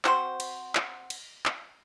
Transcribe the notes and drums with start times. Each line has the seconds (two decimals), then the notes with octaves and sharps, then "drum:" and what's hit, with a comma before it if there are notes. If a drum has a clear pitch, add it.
0.05 C4 F#4 C5, drum: clap
0.40 drum: cymbal
0.75 drum: clap
1.10 drum: cymbal
1.45 drum: clap